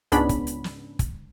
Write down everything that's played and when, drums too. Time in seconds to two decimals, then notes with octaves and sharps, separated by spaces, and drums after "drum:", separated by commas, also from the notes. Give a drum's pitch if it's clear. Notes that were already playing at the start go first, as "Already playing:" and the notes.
0.12 C#2 G#2 B3 C#4 D4 B5, drum: hi-hat
0.29 drum: kick, hi-hat
0.47 drum: hi-hat
0.64 drum: snare
0.99 drum: kick, hi-hat